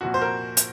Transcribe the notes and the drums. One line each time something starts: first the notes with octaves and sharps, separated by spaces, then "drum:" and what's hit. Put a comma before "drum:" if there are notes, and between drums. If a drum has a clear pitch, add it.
C2 A#2 F3 F#4
C5
A#4
drum: hi-hat